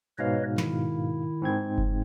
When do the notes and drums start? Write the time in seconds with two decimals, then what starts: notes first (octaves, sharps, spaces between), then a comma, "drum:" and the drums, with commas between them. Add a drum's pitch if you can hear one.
0.19 G#2 B2 B4 C#5 D#5 F5
0.58 D#3 E4, drum: snare
1.42 G#2 C4 G#6
1.78 drum: kick F#1